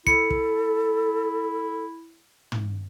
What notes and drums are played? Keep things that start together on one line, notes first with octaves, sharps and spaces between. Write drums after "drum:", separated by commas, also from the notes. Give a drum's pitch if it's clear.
E4 A4 C#7, drum: kick
drum: kick
drum: tom